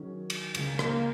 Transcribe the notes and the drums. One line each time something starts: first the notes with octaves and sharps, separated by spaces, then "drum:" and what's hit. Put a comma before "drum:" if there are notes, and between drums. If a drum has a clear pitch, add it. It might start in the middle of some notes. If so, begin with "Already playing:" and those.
Already playing: D#3 F#3 C#4 G#4
drum: cymbal
C#2 C#3 G#3 A#3, drum: cymbal
drum: rim click